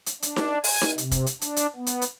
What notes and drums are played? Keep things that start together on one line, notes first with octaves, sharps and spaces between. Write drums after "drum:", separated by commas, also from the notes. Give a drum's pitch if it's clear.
drum: hi-hat
D4, drum: hi-hat
drum: snare D#4
G#5, drum: open hi-hat
drum: snare D#4
C3, drum: hi-hat
drum: kick, hi-hat
drum: hi-hat
D4, drum: hi-hat
drum: hi-hat
B3
drum: hi-hat
drum: hi-hat